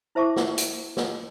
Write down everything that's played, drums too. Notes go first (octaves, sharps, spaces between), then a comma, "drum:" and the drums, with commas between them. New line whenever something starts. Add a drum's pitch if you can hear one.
E4 C5 E5 A5 C#6 D6
drum: snare
drum: hi-hat
drum: snare